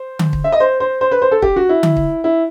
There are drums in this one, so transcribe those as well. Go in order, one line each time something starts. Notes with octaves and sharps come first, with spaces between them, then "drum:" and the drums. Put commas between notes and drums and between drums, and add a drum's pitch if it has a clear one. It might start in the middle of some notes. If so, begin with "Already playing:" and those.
Already playing: C5
drum: tom D3
drum: kick
E5
D#5
C5
C5
C5
B4
C5
A4
G4, drum: kick
F#4
E4
drum: tom D3
drum: kick
E4